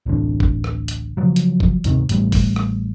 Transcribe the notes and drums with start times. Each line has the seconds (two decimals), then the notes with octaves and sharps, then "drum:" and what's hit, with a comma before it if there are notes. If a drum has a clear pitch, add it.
0.06 D1 A1 D3
0.40 drum: kick
0.64 drum: rim click
0.88 drum: hi-hat
1.17 C#3 F3 F#3
1.36 drum: hi-hat
1.60 drum: kick
1.84 D2 G#2 C3 D#3, drum: hi-hat
2.09 A1 A2 G3, drum: hi-hat
2.32 drum: kick, open hi-hat
2.56 drum: rim click